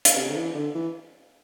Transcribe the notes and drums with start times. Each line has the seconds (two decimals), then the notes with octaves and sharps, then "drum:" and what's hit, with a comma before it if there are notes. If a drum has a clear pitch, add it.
0.05 drum: hi-hat
0.16 C3
0.29 D3
0.36 E3
0.55 D3
0.75 E3